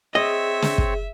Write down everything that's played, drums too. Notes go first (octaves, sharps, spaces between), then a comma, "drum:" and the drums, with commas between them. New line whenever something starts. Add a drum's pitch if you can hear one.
C4 G#4 C#5 D#5 E5
drum: snare
drum: kick